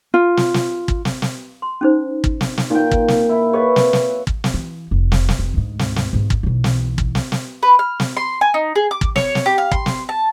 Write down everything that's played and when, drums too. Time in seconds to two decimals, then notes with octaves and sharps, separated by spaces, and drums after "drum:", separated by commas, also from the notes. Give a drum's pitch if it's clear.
0.14 F4
0.37 drum: snare
0.54 drum: snare
0.88 drum: kick
1.05 drum: snare
1.22 drum: snare
1.62 C6
1.81 C#4 D#4 C5
2.24 drum: kick
2.41 drum: snare
2.58 drum: snare
2.70 A#2 D#4 G5
2.91 drum: kick
3.08 drum: snare
3.29 E4
3.53 G#4 B4 C#5 D#5
3.76 drum: snare
3.93 drum: snare
4.27 drum: kick
4.44 drum: snare
4.54 E3
4.91 F1
5.12 drum: snare
5.29 drum: snare
5.39 F1
5.54 D2 G#2
5.79 drum: snare
5.96 drum: snare
6.13 G#2 B3
6.30 drum: kick
6.43 B1 E3
6.64 drum: snare
6.98 drum: kick
7.15 drum: snare
7.32 drum: snare
7.63 B4
7.79 F6
8.00 drum: snare
8.17 C6
8.41 G#5
8.54 D#4
8.76 G#4
8.91 D6
9.01 drum: kick
9.16 C#5, drum: snare
9.35 drum: snare
9.46 G4
9.58 F5
9.71 C6, drum: kick
9.86 drum: snare
10.09 A5